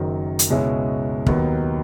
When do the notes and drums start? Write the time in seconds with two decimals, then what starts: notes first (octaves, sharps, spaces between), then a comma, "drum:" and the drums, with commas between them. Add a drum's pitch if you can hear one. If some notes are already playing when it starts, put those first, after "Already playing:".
Already playing: F#1 F#2 D#3 F#3
0.39 drum: hi-hat
0.50 C#2 B2 G#3 C#4 E4
1.26 D#2 D#3 F#3 B3, drum: kick